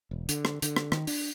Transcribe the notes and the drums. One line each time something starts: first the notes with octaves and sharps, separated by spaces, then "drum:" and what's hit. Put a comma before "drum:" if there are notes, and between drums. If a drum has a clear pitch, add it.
E1
D3, drum: hi-hat
drum: rim click
D3, drum: hi-hat
drum: rim click
D#3, drum: rim click
D4, drum: open hi-hat